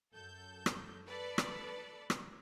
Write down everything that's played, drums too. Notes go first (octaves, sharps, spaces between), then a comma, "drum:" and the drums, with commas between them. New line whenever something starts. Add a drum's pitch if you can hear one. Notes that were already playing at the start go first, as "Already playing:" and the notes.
F#2 A4 G6
drum: rim click
A4 B4 D5
drum: rim click
drum: rim click